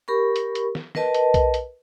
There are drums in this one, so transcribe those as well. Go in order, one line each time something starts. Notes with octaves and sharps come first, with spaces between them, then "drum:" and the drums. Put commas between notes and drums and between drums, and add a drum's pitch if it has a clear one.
G4 A#4 B5 C#6
drum: hi-hat
drum: hi-hat
drum: snare
A#4 B4 D#5 A5, drum: snare
drum: hi-hat
drum: kick B1, hi-hat
drum: hi-hat